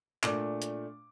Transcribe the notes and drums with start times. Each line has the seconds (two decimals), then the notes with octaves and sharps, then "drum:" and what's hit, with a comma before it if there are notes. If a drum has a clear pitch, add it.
0.23 A#2 A3 D4 D6, drum: clap
0.62 drum: hi-hat